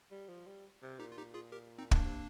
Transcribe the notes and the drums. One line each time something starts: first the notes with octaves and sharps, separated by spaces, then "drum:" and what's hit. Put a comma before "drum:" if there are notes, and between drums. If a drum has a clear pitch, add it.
G3
F3
G3
C3
A#2 D#4 G4
F4
D#4 G4
F4 G#4
G4 A#4
C4 D#4
A#3 D4, drum: kick
C3